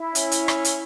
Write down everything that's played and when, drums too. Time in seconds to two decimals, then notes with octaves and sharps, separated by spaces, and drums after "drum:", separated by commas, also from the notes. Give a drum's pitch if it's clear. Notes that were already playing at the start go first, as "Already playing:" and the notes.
Already playing: E4
0.15 C#4, drum: hi-hat
0.32 drum: hi-hat
0.48 drum: rim click
0.65 drum: hi-hat